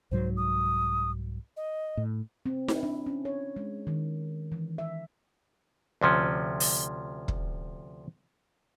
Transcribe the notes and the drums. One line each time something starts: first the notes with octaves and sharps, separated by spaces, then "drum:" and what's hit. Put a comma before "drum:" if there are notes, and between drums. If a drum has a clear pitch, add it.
C2 G#2 F#3 C5
D#6
D#5
A2
C4
E4, drum: snare D#4
D4
C#4
C#5
G#3
D#3
E3
E5
D2 C3 F3 C#4
drum: open hi-hat
drum: kick